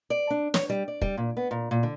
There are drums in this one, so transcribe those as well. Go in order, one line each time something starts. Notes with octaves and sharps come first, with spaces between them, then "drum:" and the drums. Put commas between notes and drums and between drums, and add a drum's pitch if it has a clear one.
D5
D4
C#5, drum: snare
G3
D5
G3, drum: kick
A#2
B3
A#2
A#2
D3